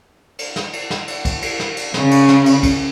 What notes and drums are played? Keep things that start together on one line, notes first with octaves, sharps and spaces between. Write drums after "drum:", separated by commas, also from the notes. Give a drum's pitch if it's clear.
drum: cymbal
drum: snare
drum: cymbal
drum: snare
drum: cymbal
drum: kick, cymbal
drum: cymbal
drum: snare
drum: cymbal
C#3, drum: snare
drum: cymbal
drum: snare
drum: cymbal
drum: kick, cymbal